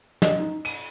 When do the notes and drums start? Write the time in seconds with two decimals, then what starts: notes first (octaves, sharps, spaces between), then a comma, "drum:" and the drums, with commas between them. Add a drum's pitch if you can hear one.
0.22 D#5, drum: snare
0.38 D#4
0.65 D#7, drum: cymbal